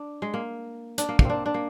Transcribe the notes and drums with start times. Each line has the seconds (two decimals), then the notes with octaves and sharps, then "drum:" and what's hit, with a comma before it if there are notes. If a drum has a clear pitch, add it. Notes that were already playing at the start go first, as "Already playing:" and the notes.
Already playing: D4
0.22 G#3
0.34 A#3
0.98 D4, drum: hi-hat
1.09 A#3
1.19 A#3, drum: kick
1.25 C4 D4
1.46 D4
1.54 A#3